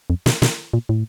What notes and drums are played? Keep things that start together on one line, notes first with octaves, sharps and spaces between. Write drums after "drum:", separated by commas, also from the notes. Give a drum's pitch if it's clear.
F2
B2, drum: snare
B2, drum: snare
A#2
A2